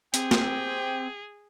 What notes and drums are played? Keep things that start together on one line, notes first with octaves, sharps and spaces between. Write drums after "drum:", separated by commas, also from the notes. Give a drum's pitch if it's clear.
C4 G4 G#4 G5, drum: hi-hat
drum: snare